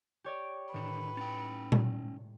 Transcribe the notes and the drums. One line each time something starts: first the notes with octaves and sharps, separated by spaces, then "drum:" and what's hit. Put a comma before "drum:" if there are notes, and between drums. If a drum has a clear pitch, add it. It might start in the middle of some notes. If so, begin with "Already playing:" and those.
G4 C#5 D5
A2 D3 D#3 B4 C#7
C#4 D#4 G5 A6 C#7
drum: tom A#2